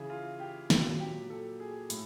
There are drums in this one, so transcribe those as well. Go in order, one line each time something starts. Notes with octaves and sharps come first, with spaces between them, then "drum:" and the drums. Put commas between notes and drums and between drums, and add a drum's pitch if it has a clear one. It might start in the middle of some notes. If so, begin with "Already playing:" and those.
Already playing: C#3 E3 G#4
F4
G4
A#2 F#3, drum: snare
G4
A4
G#4
A2, drum: hi-hat